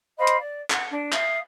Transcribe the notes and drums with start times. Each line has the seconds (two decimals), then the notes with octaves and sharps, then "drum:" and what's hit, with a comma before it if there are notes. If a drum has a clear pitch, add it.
0.18 C5 D#5 F5 B5
0.27 drum: hi-hat
0.40 D5
0.70 F#5, drum: clap
0.91 D4
1.12 E5 F5 D#6, drum: clap